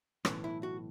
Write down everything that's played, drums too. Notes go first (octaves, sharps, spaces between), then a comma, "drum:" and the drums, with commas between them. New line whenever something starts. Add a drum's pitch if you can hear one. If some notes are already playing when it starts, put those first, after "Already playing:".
B1 A2 E3 C#4, drum: rim click
E4
F#4